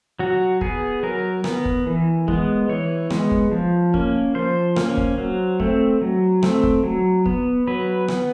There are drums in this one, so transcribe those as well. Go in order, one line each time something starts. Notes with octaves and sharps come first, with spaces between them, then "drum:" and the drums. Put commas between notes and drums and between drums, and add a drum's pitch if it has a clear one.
F#3 F#4
B3 G#4, drum: kick
F#3 A#4
B3, drum: rim click
drum: kick
E3
G#3 B3, drum: kick
E3 C#5
G#3 B3, drum: rim click
drum: kick
F3
A#3 C#4, drum: kick
F3 C5
A#3 C#4, drum: rim click
drum: kick
F#3
A3 C4, drum: kick
F#3
A3 C4, drum: rim click
drum: kick
F#3
B3, drum: kick
F#3 B4
B3, drum: rim click